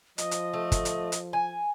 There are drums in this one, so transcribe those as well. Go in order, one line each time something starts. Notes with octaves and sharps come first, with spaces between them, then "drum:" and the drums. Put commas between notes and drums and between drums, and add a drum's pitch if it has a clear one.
F3 D#5, drum: hi-hat
drum: hi-hat
A3
drum: kick G1, hi-hat
drum: hi-hat
drum: hi-hat
G#5